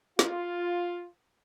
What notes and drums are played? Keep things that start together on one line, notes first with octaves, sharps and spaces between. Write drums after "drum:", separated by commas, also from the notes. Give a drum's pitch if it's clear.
F4, drum: snare